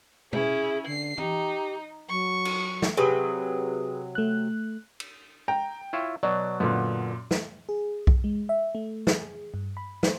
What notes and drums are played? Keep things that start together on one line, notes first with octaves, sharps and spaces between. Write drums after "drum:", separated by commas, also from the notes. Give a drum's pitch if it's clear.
C#4 E4 G#4, drum: tom B2
D3 C7
D#4 G4, drum: tom
F#3 C#6
drum: cymbal
drum: snare
C3 F#3 G#4 B4 D#6
A3 F#6
drum: cymbal
G5 A#5
E4 F4 C#5
B2 F#3 D5
F#2 A#2 D3 B3
drum: snare
G#4
drum: kick B1
G#3
E5
A3
G#4, drum: snare
G2
B5
C5, drum: snare